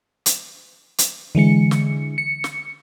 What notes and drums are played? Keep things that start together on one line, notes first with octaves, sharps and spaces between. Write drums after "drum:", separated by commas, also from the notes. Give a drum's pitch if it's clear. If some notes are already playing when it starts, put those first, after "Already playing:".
drum: hi-hat
drum: hi-hat
D3 E3 G#3 C#7
drum: snare
C#7
drum: snare